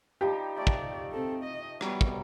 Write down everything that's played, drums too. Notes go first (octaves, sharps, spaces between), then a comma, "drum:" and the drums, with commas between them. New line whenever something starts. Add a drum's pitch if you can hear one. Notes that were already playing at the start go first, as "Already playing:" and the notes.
F3 G3 D#4 G4
A3 D5
drum: kick
C4 A4
D#5
F#3 G3 B3, drum: rim click
drum: kick